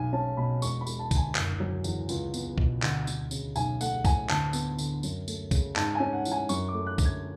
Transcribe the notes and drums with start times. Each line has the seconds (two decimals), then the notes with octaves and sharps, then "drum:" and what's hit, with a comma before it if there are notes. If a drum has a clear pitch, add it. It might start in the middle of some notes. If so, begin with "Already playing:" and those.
Already playing: B1 G#5
0.13 C#4 A5
0.37 B2 B5
0.62 E1 C#6, drum: tambourine
0.81 B5
0.87 E1, drum: tambourine
0.99 A5
1.11 D2, drum: kick B1, tambourine
1.17 G#5
1.35 F#1, drum: clap
1.60 F#3
1.84 E2, drum: tambourine
2.09 C#2, drum: tambourine
2.34 B3, drum: tambourine
2.58 B2, drum: kick B1
2.82 D2 F#5, drum: clap
3.07 D2, drum: tambourine
3.31 C#3, drum: tambourine
3.56 B1 G#5, drum: tambourine
3.81 A3 F#5, drum: tambourine
4.05 A2 G#5, drum: kick B1, tambourine
4.29 D2 A5, drum: clap
4.53 B3, drum: tambourine
4.79 D3, drum: tambourine
5.03 F#2, drum: tambourine
5.28 A3, drum: tambourine
5.51 C#3, drum: kick B1, tambourine
5.76 G#2 A5, drum: clap
5.95 C#4 G#5
6.13 F#5
6.25 E3, drum: tambourine
6.32 G#5
6.49 F#2 C#6, drum: tambourine
6.68 D6
6.74 A3
6.86 F#6
6.98 D3, drum: kick B1, tambourine
7.05 G#6